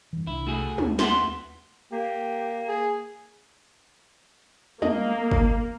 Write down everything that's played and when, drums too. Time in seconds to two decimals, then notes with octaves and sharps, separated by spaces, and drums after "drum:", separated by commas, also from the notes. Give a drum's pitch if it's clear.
0.13 G2 E3
0.27 C2 D4 E4
0.47 A3 F#4 G#4
0.78 D#2, drum: tom
0.99 B4 E5 F#5 C6, drum: snare
1.92 A#3 G4
2.69 G#4
4.82 A#3 D#5, drum: tom
5.31 drum: kick